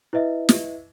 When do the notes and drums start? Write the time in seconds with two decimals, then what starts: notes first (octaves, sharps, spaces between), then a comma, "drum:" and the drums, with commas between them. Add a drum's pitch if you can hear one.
0.13 E4 B4 D#5 E5
0.49 drum: snare